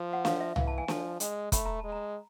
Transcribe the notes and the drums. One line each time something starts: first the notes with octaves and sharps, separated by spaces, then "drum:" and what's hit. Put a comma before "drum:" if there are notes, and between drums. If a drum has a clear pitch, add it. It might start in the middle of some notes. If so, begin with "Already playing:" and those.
Already playing: F3
F#5
F5, drum: snare
E5
E3 F5, drum: tom C2
A5
G#5
F3 A5, drum: snare
G#3, drum: hi-hat
A3 B5, drum: kick, hi-hat
A#5
G#3 A5
A#5